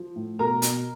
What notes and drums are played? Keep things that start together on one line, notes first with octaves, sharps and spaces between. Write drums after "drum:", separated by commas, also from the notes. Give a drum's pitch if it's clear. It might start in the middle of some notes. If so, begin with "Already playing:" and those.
Already playing: F3
A2
B2 A#4 A#5
B2, drum: hi-hat